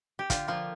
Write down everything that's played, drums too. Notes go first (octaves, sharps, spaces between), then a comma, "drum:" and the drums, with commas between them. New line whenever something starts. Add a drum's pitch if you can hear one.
G4
D3 F4, drum: kick, hi-hat
F3 A#3 F4